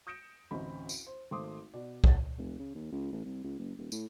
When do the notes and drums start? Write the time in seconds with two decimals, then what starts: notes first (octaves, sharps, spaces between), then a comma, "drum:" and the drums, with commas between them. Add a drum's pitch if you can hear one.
0.07 D#6 G6 A#6 C#7 D7 E7
0.51 A1 D2 C4 C#4 D#4 B5
0.89 drum: tambourine
1.07 C5
1.31 G#1 A3 C5 C6 D6 D#6
1.74 B2 D5
2.04 E3 F#5 A6, drum: kick
2.38 F1
2.59 C#3
2.75 D#2
2.92 C#2
3.12 A1
3.25 C2
3.44 C#2
3.59 F#1
3.78 D#1
3.92 A2, drum: tambourine